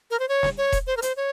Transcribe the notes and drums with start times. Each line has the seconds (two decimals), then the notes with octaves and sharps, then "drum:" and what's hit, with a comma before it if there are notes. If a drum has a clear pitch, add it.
0.10 A#4
0.19 C5
0.29 C#5
0.43 drum: snare
0.58 C#5
0.72 drum: kick E1, hi-hat
0.87 C5
0.97 A#4
1.02 C5, drum: hi-hat
1.17 C#5